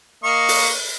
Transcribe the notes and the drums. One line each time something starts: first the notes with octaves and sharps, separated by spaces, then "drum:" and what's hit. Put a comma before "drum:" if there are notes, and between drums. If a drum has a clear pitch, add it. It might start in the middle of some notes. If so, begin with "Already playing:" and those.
A#3 D#5 C#6
drum: open hi-hat